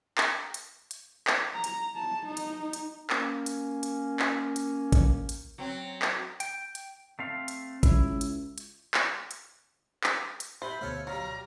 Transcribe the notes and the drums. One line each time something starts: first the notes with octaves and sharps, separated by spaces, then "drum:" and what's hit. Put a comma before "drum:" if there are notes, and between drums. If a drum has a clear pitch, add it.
drum: clap
drum: hi-hat
drum: hi-hat
drum: clap
A#5
drum: hi-hat
A5
D#4
drum: hi-hat
drum: hi-hat
A#3 C#4, drum: clap
drum: hi-hat
drum: hi-hat
drum: clap
drum: hi-hat
drum: kick A1, hi-hat
drum: hi-hat
F#3 C4
drum: clap
G5, drum: hi-hat
drum: hi-hat
A3 C4 F5
drum: hi-hat
C#2 E4, drum: kick A1, hi-hat
drum: hi-hat
drum: hi-hat
drum: clap
drum: hi-hat
drum: clap
drum: hi-hat
C3 C5 B5
D2 B2 A3 F4 A4 C#5
F#3 G3 F4 A#5